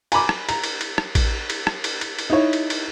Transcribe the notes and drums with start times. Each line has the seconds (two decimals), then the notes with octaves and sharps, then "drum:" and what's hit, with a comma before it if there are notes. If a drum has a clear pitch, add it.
0.12 G#5 A#5 B5 D6, drum: cymbal
0.29 drum: rim click
0.49 A#5, drum: cymbal
0.64 drum: cymbal
0.81 drum: cymbal
0.98 drum: rim click
1.15 drum: kick A1, cymbal
1.50 drum: cymbal
1.67 drum: rim click
1.84 drum: cymbal
2.01 drum: cymbal
2.19 drum: cymbal
2.30 D#4 E4 C#5
2.53 drum: cymbal
2.70 drum: cymbal